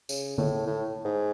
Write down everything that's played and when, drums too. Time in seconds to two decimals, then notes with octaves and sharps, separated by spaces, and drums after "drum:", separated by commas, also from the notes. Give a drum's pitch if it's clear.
0.09 C#3, drum: tambourine
0.38 A2, drum: tom D3
0.67 A2
1.05 G#2